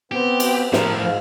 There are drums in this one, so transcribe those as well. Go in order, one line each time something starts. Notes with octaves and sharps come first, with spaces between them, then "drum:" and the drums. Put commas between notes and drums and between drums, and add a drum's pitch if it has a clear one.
B3 C4 G4
drum: cymbal
A2 F3 A#4, drum: snare
G#2 F5